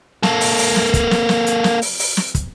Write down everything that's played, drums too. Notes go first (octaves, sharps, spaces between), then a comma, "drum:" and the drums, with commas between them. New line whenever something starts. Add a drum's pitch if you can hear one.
A#3 A4, drum: snare
drum: open hi-hat
drum: open hi-hat
drum: snare
drum: kick, hi-hat
drum: snare
drum: snare
drum: hi-hat
drum: snare
drum: open hi-hat
drum: open hi-hat
drum: snare
drum: kick, hi-hat